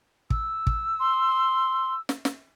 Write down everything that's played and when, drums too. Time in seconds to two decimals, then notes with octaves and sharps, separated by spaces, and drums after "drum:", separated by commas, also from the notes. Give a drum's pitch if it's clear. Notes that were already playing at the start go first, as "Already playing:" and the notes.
0.30 E6, drum: kick
0.67 drum: kick
1.00 C6
2.09 drum: snare
2.25 drum: snare